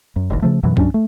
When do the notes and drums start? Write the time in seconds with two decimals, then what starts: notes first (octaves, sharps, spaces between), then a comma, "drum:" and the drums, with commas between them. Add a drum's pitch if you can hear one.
0.16 F#2
0.30 E1 A1 D#2
0.42 C#3 F3 A3
0.63 F#2 B2 E3 F#3
0.77 G2 F#3 C#4 D4, drum: kick
0.94 A3